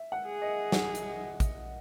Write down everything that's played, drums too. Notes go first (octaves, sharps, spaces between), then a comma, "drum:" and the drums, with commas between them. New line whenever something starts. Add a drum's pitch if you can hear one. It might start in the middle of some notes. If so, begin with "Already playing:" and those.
Already playing: E5
F#5
G#4
D#5
F#5, drum: snare
drum: hi-hat
drum: kick, hi-hat